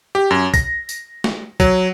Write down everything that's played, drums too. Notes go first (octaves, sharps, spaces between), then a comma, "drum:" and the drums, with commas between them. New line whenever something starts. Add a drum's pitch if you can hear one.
G4
F#2
A#6, drum: kick B1, tambourine
drum: tambourine
drum: snare
F#3, drum: kick B1, tambourine